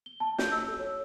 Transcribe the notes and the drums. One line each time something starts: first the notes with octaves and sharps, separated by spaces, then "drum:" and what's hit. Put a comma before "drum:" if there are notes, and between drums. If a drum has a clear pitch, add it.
G7
A5
G6, drum: snare
E6
A4
C#5